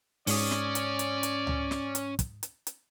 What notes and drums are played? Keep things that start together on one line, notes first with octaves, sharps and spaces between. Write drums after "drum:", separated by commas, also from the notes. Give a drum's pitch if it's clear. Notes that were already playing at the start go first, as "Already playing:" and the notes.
G#2 C#4 C#5 D5 D#6, drum: open hi-hat
drum: snare
drum: hi-hat
drum: hi-hat
drum: hi-hat
drum: tom C#2
drum: snare
drum: hi-hat
drum: kick, hi-hat
drum: hi-hat
drum: hi-hat